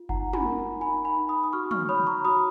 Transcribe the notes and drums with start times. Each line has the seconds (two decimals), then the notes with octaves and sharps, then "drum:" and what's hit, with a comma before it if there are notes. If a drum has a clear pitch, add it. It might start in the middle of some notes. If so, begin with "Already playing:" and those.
Already playing: F4
0.09 D#4 F#5 A#5, drum: kick F#1
0.33 G#5 B5, drum: tom
0.45 A#4
0.81 D#4 G#5 B5
1.05 G#5 B5
1.17 D#4
1.29 B5 D#6
1.44 D#6
1.53 F#4 C#6 F6
1.71 C#6 F6, drum: tom
1.89 C#5 B5 D#6
2.07 A#5 C#6
2.25 F#4 B5 D#6